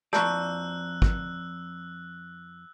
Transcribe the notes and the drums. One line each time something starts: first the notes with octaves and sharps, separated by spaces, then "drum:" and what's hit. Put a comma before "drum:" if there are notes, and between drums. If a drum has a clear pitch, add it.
F2 D5 A5 A#5 C#6 E6 F#6 G6, drum: rim click
drum: kick